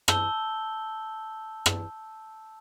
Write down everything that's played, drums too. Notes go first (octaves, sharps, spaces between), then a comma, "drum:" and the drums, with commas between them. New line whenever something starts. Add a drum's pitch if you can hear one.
A5 E6 G6 G7, drum: rim click
drum: rim click